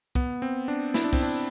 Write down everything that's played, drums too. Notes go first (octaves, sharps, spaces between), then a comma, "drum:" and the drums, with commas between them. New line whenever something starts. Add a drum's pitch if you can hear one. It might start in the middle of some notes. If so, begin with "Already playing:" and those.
B3, drum: kick C2
C4
D4
E4, drum: snare
D4
C4, drum: kick C2, open hi-hat
D4